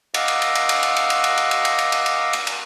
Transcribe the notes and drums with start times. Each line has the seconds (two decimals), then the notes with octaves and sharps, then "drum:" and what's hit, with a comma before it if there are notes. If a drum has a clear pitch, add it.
0.14 D#5 F5 F#5 D6 E6, drum: cymbal
0.28 drum: cymbal
0.42 drum: cymbal
0.55 drum: cymbal
0.69 drum: cymbal
0.83 drum: cymbal
0.96 drum: cymbal
1.10 drum: cymbal
1.24 drum: cymbal
1.37 drum: cymbal
1.51 drum: cymbal
1.65 drum: cymbal
1.79 drum: cymbal
1.92 drum: cymbal
2.06 drum: cymbal
2.33 drum: cymbal
2.47 drum: cymbal